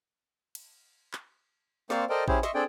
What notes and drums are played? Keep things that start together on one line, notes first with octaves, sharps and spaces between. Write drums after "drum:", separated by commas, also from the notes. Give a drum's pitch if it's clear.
drum: cymbal
drum: clap
A#3 C4 C5 D5 F5 C#6, drum: snare
A4 A#4 C5 D5 D#5 G5
C#4 E4 G4 G#4 C5, drum: kick A1
D#5 E5 C6 C#6, drum: snare
C4 D4 G#4 A4 D5 G5